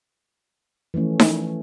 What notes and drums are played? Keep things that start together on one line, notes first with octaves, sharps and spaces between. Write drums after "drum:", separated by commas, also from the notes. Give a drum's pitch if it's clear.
E3 F3 A3 C#4
drum: snare D#4